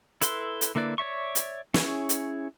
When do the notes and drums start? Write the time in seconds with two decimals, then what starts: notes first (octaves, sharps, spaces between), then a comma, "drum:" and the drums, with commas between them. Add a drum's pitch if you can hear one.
0.21 E4 A4 B4 C6, drum: hi-hat
0.61 drum: hi-hat
0.75 D3 A#3 E4 B4 D5
0.98 C#5 D5 E5 C#6
1.35 drum: hi-hat
1.74 C#4 E4 G#4 C#5, drum: snare
2.09 drum: hi-hat